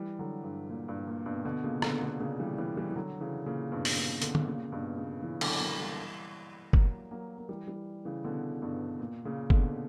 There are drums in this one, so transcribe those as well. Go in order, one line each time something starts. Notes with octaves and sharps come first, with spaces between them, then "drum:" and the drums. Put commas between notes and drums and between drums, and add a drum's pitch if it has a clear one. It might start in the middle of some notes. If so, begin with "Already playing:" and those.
Already playing: E3 G3
D3 F#3
G2
A#2
G2
A#2
G2 B2
B2 D3
A#2 C#3
B2 D3, drum: rim click
B2 D3
A#2 C#3
E3 G3
E3 G3
E3 G3
E3
D3 F#3
C#3 E3
A#2 C#3
G2 B2
drum: open hi-hat
A#2 C#3
B2 D3, drum: hi-hat
drum: tom
A#2 C#3
G2 B2
A#2 C#3
C#3 E3
D3 F#3, drum: cymbal
F#3 A#3
E3 G3
F#3 A#3, drum: kick
F#3 A#3
A#3
E3 G3
E3 G3
C#3 E3
B2 D3
G2 B2
A#2
A#2 C#3
B2 D3, drum: kick